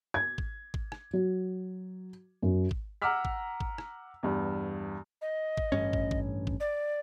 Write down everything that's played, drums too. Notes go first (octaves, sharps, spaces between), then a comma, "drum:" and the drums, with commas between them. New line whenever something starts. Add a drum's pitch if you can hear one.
G#6
drum: kick
drum: kick
drum: rim click
F#3
F#2
drum: kick
F#5 A#5 D6 E6 F6 B6
drum: kick
drum: kick
drum: rim click
E2 G2
D#5
drum: kick
A1 G2 C#4
drum: kick
drum: kick
drum: kick
D5